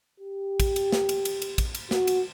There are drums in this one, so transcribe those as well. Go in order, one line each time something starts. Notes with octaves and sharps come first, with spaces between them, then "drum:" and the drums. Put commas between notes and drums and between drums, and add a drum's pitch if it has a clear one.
G4
drum: kick, cymbal
drum: cymbal
drum: snare
drum: cymbal
drum: cymbal
drum: cymbal
drum: kick, cymbal
drum: cymbal
F#4, drum: snare
drum: cymbal